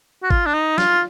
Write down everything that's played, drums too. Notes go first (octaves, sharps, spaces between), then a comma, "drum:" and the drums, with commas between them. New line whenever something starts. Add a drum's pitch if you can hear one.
F#4
F4, drum: kick G#1
D4
D#4
F4, drum: snare